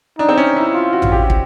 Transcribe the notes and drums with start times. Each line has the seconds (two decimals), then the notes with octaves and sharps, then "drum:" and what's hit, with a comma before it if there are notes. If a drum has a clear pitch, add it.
0.19 D4 D#4
0.29 C4
0.38 C#4
0.56 E4
0.74 F4
0.93 F#4
1.02 drum: tom A1
1.12 G4
1.30 drum: kick